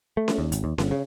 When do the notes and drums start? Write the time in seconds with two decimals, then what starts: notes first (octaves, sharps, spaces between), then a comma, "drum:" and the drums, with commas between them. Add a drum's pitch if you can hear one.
0.17 A3
0.28 drum: snare C#4
0.38 D#2
0.52 G#1, drum: hi-hat
0.64 D#2
0.78 G1, drum: snare C#4
0.91 C#3